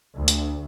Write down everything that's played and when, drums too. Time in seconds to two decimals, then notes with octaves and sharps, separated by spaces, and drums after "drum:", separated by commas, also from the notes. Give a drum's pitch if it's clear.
0.16 D2
0.28 drum: hi-hat